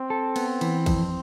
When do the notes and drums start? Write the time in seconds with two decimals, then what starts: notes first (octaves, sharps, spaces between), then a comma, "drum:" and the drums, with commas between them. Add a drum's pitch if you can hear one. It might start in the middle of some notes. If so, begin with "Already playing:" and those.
Already playing: C4
0.10 A4
0.36 B3, drum: cymbal
0.61 E3, drum: cymbal
0.86 F2, drum: kick, cymbal